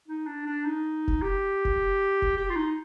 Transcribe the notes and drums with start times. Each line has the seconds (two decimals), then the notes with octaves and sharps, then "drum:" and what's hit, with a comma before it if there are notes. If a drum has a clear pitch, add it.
0.08 D#4
0.27 D4
0.46 D4
0.65 D#4
1.08 drum: kick F1
1.22 G4
1.65 drum: kick F1
2.22 drum: kick F1
2.37 G4
2.49 F4
2.56 D#4